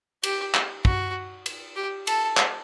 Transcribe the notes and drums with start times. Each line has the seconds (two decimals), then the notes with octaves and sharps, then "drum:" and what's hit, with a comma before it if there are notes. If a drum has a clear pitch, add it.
0.23 G4, drum: cymbal
0.54 drum: clap
0.85 F#4, drum: kick
1.46 drum: cymbal
1.76 G4
2.07 A4, drum: cymbal
2.37 drum: clap